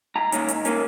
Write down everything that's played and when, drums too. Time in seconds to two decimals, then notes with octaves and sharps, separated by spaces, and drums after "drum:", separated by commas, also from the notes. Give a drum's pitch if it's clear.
0.15 G#2 A#5
0.32 D#3 A#3 C#4, drum: hi-hat
0.49 G#2, drum: hi-hat
0.65 D#3 A#3 C#4, drum: hi-hat